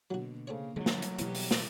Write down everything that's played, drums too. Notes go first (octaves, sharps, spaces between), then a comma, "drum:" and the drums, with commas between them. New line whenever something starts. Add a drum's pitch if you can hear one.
B2 D3 F#3 A#3 F#4
C#3 A3 A#3 C4 C#5
D3 F3 F#3 G#3
drum: snare
drum: hi-hat
B2 E3 G3 B3 E4 G4, drum: hi-hat
drum: open hi-hat
drum: snare